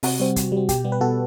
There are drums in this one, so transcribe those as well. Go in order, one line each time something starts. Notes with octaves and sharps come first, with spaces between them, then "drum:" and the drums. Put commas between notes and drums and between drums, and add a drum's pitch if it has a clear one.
C3 F#4, drum: open hi-hat
G3 C4
C3, drum: kick, hi-hat
G3 C4
B2 G4, drum: kick, hi-hat
G3 B3
B4
B2 F#4 A4